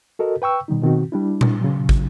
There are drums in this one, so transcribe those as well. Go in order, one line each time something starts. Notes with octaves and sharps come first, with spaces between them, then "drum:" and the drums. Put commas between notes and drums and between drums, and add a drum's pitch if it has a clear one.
F#4 A4 A#4 D#5
B4 G5 C#6 E6
B2 D#3 G3 D#4
B2 D#3 C4 F#4
G3 D4 E4
drum: tom A#2
C#3 F#3
drum: kick